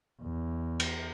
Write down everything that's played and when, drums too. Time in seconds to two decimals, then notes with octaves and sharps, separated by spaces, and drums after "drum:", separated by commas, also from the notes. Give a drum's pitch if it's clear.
0.22 E2
0.80 drum: cymbal